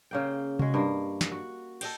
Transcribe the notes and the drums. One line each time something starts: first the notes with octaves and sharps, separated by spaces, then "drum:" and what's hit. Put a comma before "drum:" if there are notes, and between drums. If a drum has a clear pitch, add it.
C#3 A#3 G5
G#3 F#4, drum: tom C3
G2 A#3
drum: snare
F#4
A4 D#5 G5, drum: cymbal